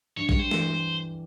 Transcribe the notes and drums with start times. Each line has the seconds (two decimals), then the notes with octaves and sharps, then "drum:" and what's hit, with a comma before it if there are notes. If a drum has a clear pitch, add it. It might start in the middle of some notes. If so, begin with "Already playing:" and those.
0.17 G2 C#5
0.29 G3 C#5, drum: kick
0.39 C5
0.51 E3, drum: snare